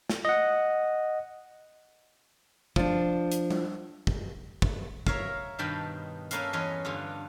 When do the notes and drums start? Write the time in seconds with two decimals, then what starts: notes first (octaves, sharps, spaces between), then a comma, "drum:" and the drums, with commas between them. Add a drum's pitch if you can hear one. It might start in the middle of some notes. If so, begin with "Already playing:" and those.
0.10 drum: snare
0.25 D#5 F#5
2.76 F3 D4, drum: kick
3.32 drum: hi-hat
3.50 drum: tom G3
4.07 drum: kick
4.62 drum: kick
5.07 A#4 C#5 E5 F5, drum: kick
5.59 G2 B2 D#3 G5 A5 B5
6.31 A#3 C#4 A4 B4 E5 F5, drum: hi-hat
6.53 E2 C#4 B4 C#5 D#5 C6
6.85 G2 D3 F4